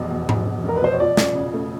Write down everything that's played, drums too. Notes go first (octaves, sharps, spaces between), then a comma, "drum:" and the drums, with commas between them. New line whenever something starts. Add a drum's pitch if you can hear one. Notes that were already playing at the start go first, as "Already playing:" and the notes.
Already playing: F1 E2 B2
E2
F1, drum: tom G#2
F1
F1 A#4
B4
B2 C5
C#5
F3 D5
C#3, drum: snare
C#3
A3